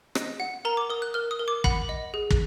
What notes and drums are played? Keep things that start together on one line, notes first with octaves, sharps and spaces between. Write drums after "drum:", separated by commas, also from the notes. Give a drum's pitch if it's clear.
D#5, drum: rim click
F#5
A#4 A#5
D6
A#4 D#6
F#6
A#4 F6
D#6
A#4
D6
F#5 B5, drum: kick
D#5
G#4
drum: kick